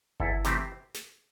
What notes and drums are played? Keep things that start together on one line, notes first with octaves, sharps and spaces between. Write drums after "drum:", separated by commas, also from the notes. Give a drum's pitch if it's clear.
E2 E4 A4, drum: kick G1
C3 E3 A3 C4 G4 C5, drum: snare
drum: snare